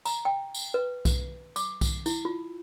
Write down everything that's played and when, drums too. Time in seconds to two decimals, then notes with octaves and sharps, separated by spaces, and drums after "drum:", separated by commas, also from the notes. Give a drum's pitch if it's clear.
0.05 A#5, drum: tambourine
0.25 G5
0.54 drum: tambourine
0.74 B4
1.05 drum: kick B1, tambourine
1.56 D6, drum: tambourine
1.81 drum: kick B1, tambourine
2.06 E4, drum: tambourine
2.25 F4